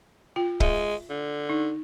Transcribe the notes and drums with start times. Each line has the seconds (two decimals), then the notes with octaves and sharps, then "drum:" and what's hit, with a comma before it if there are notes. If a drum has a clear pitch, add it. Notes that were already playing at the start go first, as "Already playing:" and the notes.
0.36 F4 G5
0.60 G#3 E5, drum: kick
1.10 D3
1.50 D#4